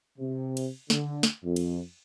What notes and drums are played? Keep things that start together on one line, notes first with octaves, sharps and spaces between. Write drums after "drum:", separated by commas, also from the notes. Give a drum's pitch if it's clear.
C3
drum: cymbal
D3, drum: snare
drum: snare
F2
drum: cymbal